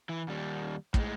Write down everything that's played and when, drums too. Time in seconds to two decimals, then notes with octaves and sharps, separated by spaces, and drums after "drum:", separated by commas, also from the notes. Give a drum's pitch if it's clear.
0.09 E3
0.28 D#2 G3
0.94 A2 G#3, drum: kick